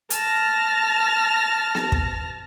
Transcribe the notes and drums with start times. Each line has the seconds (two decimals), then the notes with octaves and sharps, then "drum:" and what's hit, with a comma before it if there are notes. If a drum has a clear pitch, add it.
0.10 A5 F6 A#6, drum: hi-hat
1.75 drum: snare B3
1.92 drum: kick